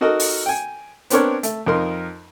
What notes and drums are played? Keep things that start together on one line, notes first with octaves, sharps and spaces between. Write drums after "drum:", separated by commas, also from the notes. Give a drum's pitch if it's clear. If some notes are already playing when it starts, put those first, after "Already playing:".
D#4 F#4 A4 A#4 D#5
drum: open hi-hat
G5 G#5
B3 C4 D4 A#4 C#5, drum: hi-hat
A3, drum: hi-hat
F2 D#4 A#4 C6